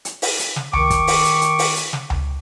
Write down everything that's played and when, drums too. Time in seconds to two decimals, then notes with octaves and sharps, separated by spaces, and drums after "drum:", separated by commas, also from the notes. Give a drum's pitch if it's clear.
0.05 drum: hi-hat
0.22 drum: open hi-hat
0.39 drum: hi-hat
0.56 drum: snare
0.73 D#3 C#6 D6, drum: tom C#2
0.90 drum: kick, hi-hat
1.07 drum: open hi-hat
1.25 drum: hi-hat
1.42 drum: hi-hat
1.59 drum: open hi-hat
1.76 drum: hi-hat
1.93 drum: snare
2.10 drum: tom C#2